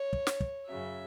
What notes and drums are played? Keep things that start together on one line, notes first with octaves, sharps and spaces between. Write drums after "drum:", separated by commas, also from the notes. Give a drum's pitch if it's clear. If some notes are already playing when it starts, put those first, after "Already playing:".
Already playing: C#5
drum: kick
drum: snare
drum: kick
F#2 C#3 F#3 E5